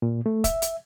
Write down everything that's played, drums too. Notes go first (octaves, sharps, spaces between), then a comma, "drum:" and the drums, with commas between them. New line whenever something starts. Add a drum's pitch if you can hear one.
A#2
A3
E5, drum: kick, hi-hat
drum: hi-hat